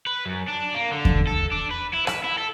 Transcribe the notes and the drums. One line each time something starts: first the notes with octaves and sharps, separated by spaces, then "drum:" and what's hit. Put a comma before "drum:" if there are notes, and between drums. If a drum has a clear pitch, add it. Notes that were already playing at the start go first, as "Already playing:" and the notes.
B4
F#2
D4
A#3
D3
drum: kick E2
A4
D4
B4
E4
B4, drum: rim click
E4
A4